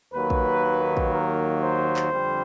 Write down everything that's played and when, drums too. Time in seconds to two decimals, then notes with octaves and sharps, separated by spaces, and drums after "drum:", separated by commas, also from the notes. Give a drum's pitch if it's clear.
0.13 D#2 D#3 F#3 A#3 B4
0.30 drum: kick
0.97 drum: kick
1.13 A#4
1.63 C5
1.96 drum: clap
2.12 F2 D3 G3 C4